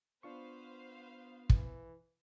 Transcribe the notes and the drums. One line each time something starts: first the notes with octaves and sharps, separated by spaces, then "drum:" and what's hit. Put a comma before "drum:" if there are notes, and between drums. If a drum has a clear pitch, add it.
B3 D4 F4 B4 C5 F5 C#6
E3, drum: kick